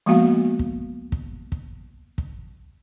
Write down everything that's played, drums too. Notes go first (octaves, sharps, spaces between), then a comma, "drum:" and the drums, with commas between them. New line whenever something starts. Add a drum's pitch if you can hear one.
F3 G#3 A#3 B3 F#4 F5
drum: kick
drum: kick
drum: kick
drum: kick